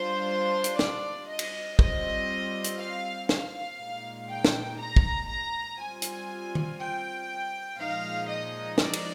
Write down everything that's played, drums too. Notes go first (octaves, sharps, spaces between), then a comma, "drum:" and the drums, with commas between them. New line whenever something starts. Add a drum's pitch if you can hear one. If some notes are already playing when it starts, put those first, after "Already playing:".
Already playing: G3 D4 F4 C5
drum: hi-hat
D5, drum: snare
D#5
drum: cymbal
G3 C4 F4 D#5, drum: kick
drum: hi-hat
F5
F5, drum: snare
A#2 G#3 D#4
G5
drum: snare
A#5
drum: kick
A#5
G3 C4 F4 G#5
drum: hi-hat
drum: tom D#3
G5
A#2 F3 G#3 D#4 F5
D#5
D5, drum: snare
drum: cymbal